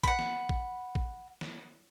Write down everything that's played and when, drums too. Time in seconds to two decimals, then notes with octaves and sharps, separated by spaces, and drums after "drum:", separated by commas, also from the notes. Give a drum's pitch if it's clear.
0.03 F#5 B5, drum: kick
0.19 drum: snare
0.49 drum: kick
0.95 drum: kick
1.41 drum: snare